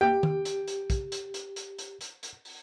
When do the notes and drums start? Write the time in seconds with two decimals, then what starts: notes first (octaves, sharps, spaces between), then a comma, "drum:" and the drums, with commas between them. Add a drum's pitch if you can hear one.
0.01 G4 G5
0.23 drum: tom D#3
0.45 drum: hi-hat
0.68 drum: hi-hat
0.90 drum: kick, hi-hat
1.12 drum: hi-hat
1.34 drum: hi-hat
1.56 drum: hi-hat
1.78 drum: hi-hat
2.01 drum: hi-hat
2.23 drum: hi-hat
2.45 drum: open hi-hat